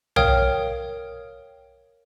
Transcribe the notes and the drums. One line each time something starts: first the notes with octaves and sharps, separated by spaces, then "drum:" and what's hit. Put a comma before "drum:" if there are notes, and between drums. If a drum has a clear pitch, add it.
A#4 C#5 F5 G5 D#6 F6, drum: tom